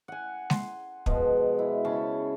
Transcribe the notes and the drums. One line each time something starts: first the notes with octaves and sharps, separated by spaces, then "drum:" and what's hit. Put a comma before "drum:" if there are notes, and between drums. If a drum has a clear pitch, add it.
F#5 G#5
C6, drum: snare G#3
B2 F3 G#3, drum: kick
E4
C#3 C#4 A5